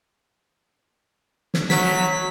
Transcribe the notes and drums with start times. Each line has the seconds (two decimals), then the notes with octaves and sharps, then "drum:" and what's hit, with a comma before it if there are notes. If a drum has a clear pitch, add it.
1.54 drum: snare
1.70 F#3 B6, drum: snare